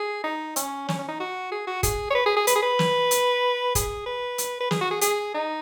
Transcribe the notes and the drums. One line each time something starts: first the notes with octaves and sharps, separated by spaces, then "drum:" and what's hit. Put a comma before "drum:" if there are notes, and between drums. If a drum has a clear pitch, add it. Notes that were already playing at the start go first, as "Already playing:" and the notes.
Already playing: G#4
D#4
C#4, drum: hi-hat
C#4, drum: snare
C#4
D#4
F#4
G#4
F#4
G#4, drum: kick, hi-hat
C#5
B4
G#4
G#4
B4, drum: hi-hat
G#4
B4
drum: snare
drum: hi-hat
G#4, drum: kick, hi-hat
B4
drum: hi-hat
B4
G#4, drum: snare
F#4
G#4
G#4, drum: hi-hat
D#4